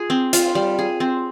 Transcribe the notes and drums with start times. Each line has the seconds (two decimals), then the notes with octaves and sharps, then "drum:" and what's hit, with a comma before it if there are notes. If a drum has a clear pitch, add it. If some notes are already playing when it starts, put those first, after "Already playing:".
Already playing: F4 G#4
0.10 C4
0.33 F4, drum: hi-hat
0.55 G3
0.79 G#4
1.00 C4